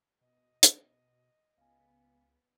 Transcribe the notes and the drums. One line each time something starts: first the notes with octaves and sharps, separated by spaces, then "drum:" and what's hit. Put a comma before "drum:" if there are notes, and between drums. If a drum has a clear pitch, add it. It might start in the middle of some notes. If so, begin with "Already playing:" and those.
B2 D#5
drum: hi-hat
C#2 B3 F5 G#5